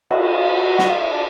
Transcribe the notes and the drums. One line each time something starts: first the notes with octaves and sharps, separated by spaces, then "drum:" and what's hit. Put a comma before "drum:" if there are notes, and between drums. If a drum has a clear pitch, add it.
F#4, drum: cymbal
F4
F#4
F#4, drum: snare
F4
E4
D4